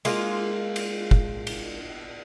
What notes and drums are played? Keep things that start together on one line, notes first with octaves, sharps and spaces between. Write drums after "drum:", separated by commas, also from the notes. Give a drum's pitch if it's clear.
G#3 A#3 F4, drum: cymbal
drum: cymbal
drum: kick
drum: cymbal